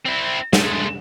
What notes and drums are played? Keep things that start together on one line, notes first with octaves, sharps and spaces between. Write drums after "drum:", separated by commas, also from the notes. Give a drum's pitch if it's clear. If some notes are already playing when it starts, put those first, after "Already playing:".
C4 E4
G#3 A3, drum: snare